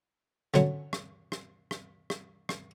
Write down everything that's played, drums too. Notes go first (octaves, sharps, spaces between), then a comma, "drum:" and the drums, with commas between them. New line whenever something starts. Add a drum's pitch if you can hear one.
D3 F#3 C#4 C#5, drum: rim click
drum: rim click
drum: rim click
drum: rim click
drum: rim click
drum: rim click